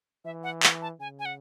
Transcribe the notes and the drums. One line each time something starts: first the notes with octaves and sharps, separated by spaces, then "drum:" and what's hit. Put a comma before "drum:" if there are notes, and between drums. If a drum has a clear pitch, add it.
E3 E5
F#5
F#5, drum: clap
A5
C#3 G#5
G#5
F#5